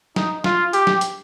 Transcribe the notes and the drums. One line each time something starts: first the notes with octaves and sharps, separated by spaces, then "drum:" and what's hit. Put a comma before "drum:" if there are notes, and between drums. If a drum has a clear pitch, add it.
D#4, drum: snare
F4, drum: snare
G4, drum: hi-hat
drum: snare
drum: hi-hat